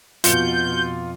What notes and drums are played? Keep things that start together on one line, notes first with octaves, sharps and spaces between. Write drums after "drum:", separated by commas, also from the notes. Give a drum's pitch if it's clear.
F2 B2 F4 G6 C#7, drum: hi-hat